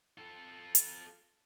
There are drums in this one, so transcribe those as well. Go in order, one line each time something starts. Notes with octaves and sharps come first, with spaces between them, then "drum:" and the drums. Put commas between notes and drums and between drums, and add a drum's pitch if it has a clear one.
F4 A4
drum: hi-hat